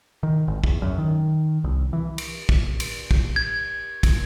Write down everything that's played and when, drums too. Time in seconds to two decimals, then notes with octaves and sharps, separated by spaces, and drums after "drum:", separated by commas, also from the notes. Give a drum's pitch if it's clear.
0.23 D#3
0.48 G#1
0.64 E2, drum: kick
0.82 F#2
0.98 D#3
1.64 C2
1.93 E3
2.18 drum: cymbal
2.49 drum: kick
2.80 drum: cymbal
3.11 drum: kick
3.36 G#6
4.03 drum: kick, cymbal